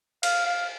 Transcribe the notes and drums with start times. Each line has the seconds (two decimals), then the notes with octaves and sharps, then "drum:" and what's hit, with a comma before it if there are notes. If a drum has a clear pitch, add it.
0.23 F5, drum: cymbal
0.46 F5